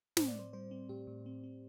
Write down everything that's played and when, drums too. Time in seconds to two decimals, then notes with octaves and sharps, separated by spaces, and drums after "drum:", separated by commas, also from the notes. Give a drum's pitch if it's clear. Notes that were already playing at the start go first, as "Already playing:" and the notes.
0.17 A2 C5, drum: snare
0.28 D5
0.35 C4 C5
0.53 G3 C5
0.71 C4
0.89 A2 G4
1.07 A2
1.26 C4
1.44 C4